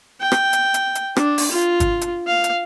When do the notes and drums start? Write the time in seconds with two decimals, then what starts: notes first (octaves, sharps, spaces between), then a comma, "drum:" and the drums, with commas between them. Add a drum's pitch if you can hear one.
0.21 G5
0.32 drum: rim click
0.53 drum: hi-hat
0.74 drum: hi-hat
0.95 drum: hi-hat
1.17 D4, drum: rim click
1.38 drum: open hi-hat
1.51 F4
1.80 drum: kick, hi-hat
2.01 drum: hi-hat
2.27 F5
2.44 drum: hi-hat